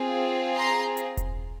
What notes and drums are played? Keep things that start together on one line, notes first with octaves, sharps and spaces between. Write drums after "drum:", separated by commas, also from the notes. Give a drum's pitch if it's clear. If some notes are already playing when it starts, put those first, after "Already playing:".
Already playing: C4 F4 G#4
A#5 C6
drum: hi-hat
drum: kick E1, hi-hat